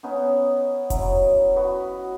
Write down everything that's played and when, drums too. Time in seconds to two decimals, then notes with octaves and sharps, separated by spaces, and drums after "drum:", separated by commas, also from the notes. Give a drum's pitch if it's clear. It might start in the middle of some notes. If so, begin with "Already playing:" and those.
0.03 B3 C#4 D#4
0.90 F#3 E4, drum: kick F1, hi-hat
1.56 F#4 B4 D#5